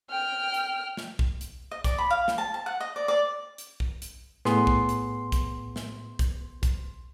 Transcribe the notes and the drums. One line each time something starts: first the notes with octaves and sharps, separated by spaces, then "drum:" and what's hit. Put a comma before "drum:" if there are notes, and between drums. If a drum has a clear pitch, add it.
G5 F6
drum: hi-hat
drum: snare
drum: kick B1
drum: hi-hat
D#5
D5, drum: kick B1, hi-hat
B5
F5
drum: snare
A5
A5
F#5
D#5
D5
D5
drum: hi-hat
drum: kick B1
drum: hi-hat
A2 B3 G#4 C6, drum: snare
drum: kick B1
drum: hi-hat
drum: kick B1, hi-hat
drum: snare
drum: kick B1, hi-hat
drum: kick B1, hi-hat